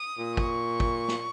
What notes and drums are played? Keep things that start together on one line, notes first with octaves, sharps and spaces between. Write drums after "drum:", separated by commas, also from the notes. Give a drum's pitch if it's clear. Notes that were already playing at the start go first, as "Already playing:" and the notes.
Already playing: D#6
A#2
C#6, drum: kick
drum: kick
drum: snare